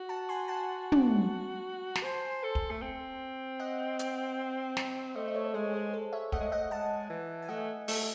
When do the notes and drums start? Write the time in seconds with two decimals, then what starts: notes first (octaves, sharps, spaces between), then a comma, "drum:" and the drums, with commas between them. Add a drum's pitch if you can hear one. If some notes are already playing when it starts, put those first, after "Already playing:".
Already playing: F#4
0.09 F#5 A5
0.29 G#5 C6
0.48 F#5 A5
0.92 drum: tom
1.95 A5, drum: snare
2.04 C5 G#5 C6
2.44 A4
2.55 drum: kick
2.71 A3
2.82 C4
3.60 D#5 F#5
3.99 drum: hi-hat
4.77 drum: snare
5.15 A3 C5 D#5
5.28 D#5
5.34 A4 C#5
5.45 C#5
5.54 G#3 G#4 C5
5.73 G#4 C5
5.93 A4
6.13 C#5 E5
6.32 A3 D#5 F#5, drum: kick
6.40 G#3
6.48 A3 D#5 F#5
6.71 G#3 F#5 A5
7.09 E3
7.42 G#5
7.48 A3 D#5 F#5
7.88 A3, drum: open hi-hat